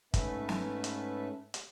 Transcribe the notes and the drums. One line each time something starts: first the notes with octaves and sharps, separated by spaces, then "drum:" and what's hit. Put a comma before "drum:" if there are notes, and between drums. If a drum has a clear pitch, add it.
G#2 A3 C#4 B4 E5, drum: kick, hi-hat
drum: snare
drum: hi-hat
drum: hi-hat